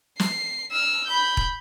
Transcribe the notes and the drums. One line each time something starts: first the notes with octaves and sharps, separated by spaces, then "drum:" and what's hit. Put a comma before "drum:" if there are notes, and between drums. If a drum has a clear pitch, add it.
C7, drum: snare
E6 F6
B5 G6
drum: kick E1